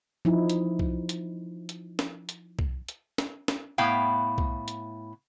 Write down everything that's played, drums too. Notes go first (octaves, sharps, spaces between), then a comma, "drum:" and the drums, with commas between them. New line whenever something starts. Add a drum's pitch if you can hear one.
F3 D#4 E4
drum: hi-hat
drum: kick C2
drum: hi-hat
drum: hi-hat
drum: snare
drum: hi-hat
drum: kick C2
drum: hi-hat
drum: snare
drum: snare
A2 B3 E4 F5 G5
drum: kick C2
drum: hi-hat